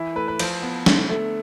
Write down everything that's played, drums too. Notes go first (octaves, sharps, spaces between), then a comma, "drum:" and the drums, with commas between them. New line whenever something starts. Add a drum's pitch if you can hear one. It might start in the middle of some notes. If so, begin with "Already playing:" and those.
Already playing: E3 E4
A3 B4
B4
F3 C5, drum: cymbal
B3
D3, drum: snare
A3